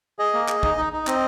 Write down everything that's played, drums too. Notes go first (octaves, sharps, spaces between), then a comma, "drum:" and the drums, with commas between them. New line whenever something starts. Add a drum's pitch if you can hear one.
G#4 D#5
A#3
G#4, drum: clap
D#4, drum: kick
D#4
D#4
C4 D#5, drum: clap